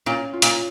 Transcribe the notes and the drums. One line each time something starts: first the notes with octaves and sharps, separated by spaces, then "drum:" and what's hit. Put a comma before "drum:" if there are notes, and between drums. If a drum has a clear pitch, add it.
A#2 C#4
F4
A#2, drum: hi-hat